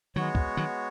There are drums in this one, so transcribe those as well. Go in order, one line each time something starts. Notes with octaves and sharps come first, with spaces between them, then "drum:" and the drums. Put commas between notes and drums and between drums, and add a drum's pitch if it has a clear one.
D#3 F#3 G#3 B3 F#4 C#5
drum: kick
D#3 F#3